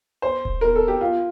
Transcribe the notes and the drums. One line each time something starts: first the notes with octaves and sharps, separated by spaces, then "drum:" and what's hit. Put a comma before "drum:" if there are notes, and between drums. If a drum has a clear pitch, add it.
C5
drum: kick D#1
A#4
A4
G4
F4